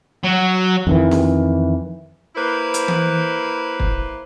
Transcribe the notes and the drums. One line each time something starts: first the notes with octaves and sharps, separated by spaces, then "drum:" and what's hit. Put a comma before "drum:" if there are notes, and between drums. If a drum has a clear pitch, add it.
F#3
F2 D#3 E3
drum: snare B3
A#3 E4 B4 C5
drum: hi-hat
drum: tom E3
drum: kick